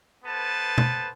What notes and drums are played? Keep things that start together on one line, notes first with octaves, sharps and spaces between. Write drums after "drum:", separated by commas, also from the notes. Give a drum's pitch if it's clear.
B3 A4 B4 C5 A5
drum: tom